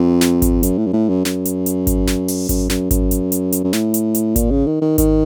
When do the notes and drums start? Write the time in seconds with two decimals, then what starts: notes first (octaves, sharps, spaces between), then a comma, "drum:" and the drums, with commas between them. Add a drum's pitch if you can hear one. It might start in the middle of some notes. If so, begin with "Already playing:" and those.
Already playing: F2
0.21 drum: snare
0.42 drum: kick G#1, hi-hat
0.63 F#2, drum: hi-hat
0.78 A2
0.86 F#2
0.93 A2
1.09 F#2
1.25 F#2, drum: snare
1.45 drum: hi-hat
1.66 drum: hi-hat
1.87 drum: kick G#1, hi-hat
2.08 drum: snare
2.28 drum: open hi-hat
2.49 F#2, drum: kick G#1, hi-hat
2.70 F#2, drum: snare
2.91 F#2, drum: kick G#1, hi-hat
3.11 drum: hi-hat
3.32 drum: hi-hat
3.52 drum: hi-hat
3.64 F#2
3.73 A2, drum: snare
3.94 drum: hi-hat
4.15 drum: hi-hat
4.36 A#2, drum: kick G#1, hi-hat
4.51 C#3
4.67 D#3
4.81 D#3
4.98 D#3, drum: kick G#1, hi-hat